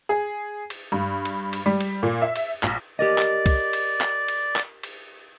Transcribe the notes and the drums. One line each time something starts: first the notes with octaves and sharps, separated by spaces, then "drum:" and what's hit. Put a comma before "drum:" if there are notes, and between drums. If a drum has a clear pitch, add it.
G#4
drum: cymbal
G2
drum: cymbal
drum: cymbal
G3
drum: cymbal
A#2
E5
drum: cymbal
A#1, drum: clap
G4 A#4 D5 D#5
drum: clap
drum: kick B1, cymbal
drum: cymbal
drum: clap
drum: cymbal
drum: clap
drum: cymbal